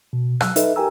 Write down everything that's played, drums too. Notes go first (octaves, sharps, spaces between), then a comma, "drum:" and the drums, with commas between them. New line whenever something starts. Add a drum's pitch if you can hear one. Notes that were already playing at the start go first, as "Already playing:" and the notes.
B2
F#3 E6 F#6, drum: rim click
D#4 A4 B4 D#5 E5, drum: hi-hat
G4 A#4 G5 G#5 A#5 E6